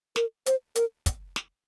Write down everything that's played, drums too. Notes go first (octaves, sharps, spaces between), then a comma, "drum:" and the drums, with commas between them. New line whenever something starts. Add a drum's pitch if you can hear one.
A#4, drum: snare
C5, drum: hi-hat
A#4, drum: hi-hat
drum: kick, hi-hat
drum: snare